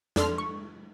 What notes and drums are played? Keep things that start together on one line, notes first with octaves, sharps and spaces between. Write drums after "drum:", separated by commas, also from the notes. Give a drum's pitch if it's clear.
F2 D4 A4 C6 F6, drum: snare
C#6